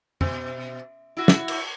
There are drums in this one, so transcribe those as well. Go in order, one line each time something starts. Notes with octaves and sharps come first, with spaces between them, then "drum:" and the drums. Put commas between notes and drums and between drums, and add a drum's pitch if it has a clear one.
B2, drum: tom F2
E4 F#4
drum: snare
drum: cymbal